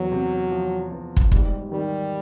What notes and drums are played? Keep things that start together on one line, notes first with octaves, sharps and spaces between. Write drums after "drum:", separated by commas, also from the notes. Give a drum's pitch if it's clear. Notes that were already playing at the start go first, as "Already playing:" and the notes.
Already playing: E2 F#3
C3
F3
E2
drum: kick
G#2 G3, drum: kick
D#3 G3